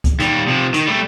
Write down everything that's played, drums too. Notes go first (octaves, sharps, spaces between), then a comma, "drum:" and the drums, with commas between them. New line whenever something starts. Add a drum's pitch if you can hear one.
drum: kick C#2, hi-hat
D#2 G3, drum: hi-hat
C3 F3
D#3, drum: hi-hat
G3 A3